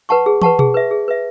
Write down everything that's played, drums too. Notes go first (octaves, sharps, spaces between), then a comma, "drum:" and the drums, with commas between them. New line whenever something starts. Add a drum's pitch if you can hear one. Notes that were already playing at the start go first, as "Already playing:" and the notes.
B4 F#5 A5 C#6
G#4
B4 F#5 A5 C#6, drum: tom
G#4, drum: tom B2
B4 E5
G#4
B4 E5